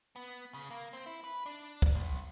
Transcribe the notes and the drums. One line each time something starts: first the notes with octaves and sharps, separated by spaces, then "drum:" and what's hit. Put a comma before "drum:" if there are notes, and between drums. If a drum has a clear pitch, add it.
B3
C#3
A#3
C4
E4
B4
D4
drum: kick
B1